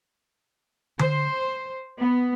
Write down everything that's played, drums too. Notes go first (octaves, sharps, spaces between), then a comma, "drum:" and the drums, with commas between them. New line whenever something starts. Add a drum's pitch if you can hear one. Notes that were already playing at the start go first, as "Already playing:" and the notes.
C5, drum: tom D3
B3